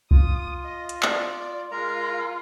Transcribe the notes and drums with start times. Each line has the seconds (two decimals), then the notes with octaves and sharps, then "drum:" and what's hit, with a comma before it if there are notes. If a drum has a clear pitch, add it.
0.11 F4 D#6, drum: kick
0.63 D#5
0.89 drum: hi-hat
1.03 D5, drum: clap
1.71 G#3 F4 A#4 A#5